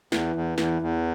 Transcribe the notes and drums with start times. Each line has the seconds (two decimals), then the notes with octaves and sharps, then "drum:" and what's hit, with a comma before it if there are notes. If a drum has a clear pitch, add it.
0.12 E2 E3, drum: snare
0.36 E2
0.58 E2 E3, drum: snare
0.82 E2